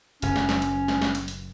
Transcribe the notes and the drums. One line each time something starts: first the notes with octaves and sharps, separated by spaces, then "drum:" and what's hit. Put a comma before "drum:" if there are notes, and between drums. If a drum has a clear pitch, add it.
F#1 F#2 B2 C#4, drum: hi-hat
drum: snare
drum: snare
drum: hi-hat
drum: snare
drum: snare
drum: hi-hat
drum: hi-hat